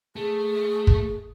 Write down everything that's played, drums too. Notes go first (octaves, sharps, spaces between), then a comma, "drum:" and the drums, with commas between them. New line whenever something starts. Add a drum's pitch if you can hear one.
A3 G#4
drum: kick